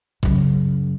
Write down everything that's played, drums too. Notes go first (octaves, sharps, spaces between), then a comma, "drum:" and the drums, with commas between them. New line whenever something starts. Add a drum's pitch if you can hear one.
F#2 C#3, drum: kick